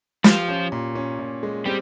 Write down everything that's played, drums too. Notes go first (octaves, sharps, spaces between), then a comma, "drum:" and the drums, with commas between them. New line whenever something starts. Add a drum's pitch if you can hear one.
F3 F4 G4, drum: snare
C#4
A#2
C#4
A#2
G#3
G3 C4 G4